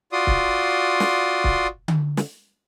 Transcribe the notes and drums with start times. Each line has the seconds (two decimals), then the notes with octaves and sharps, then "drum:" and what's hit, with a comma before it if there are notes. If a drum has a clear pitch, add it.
0.12 F4 F#4 D5 C6 D#6
0.27 drum: kick C#1
1.00 drum: snare
1.44 drum: kick C#1
1.88 drum: tom D3
2.17 drum: snare